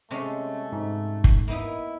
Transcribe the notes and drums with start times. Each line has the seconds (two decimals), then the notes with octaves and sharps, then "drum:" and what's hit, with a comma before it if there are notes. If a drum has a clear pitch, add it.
0.11 C3 G#3 A3 C#4
0.73 G#2
1.24 drum: kick
1.48 A#3 B3 D#4 E4